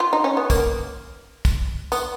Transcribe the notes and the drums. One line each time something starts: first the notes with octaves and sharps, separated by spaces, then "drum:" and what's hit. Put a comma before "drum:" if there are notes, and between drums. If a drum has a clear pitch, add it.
F4
D#4
C#4
B3
A#3, drum: kick, tambourine
drum: kick, tambourine
B3, drum: tambourine